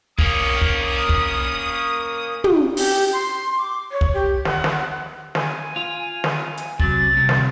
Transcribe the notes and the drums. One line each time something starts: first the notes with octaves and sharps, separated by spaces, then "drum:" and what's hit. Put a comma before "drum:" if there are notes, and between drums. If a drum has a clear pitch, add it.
A#3 C#4 D#6, drum: kick
drum: kick
drum: kick
drum: tom
G4, drum: open hi-hat
C6
D6
C#5
drum: kick
G4
F#5, drum: snare
drum: snare
G#5, drum: snare
F4
drum: snare
drum: hi-hat
C3 F#3 A6, drum: kick
C2 C3
drum: snare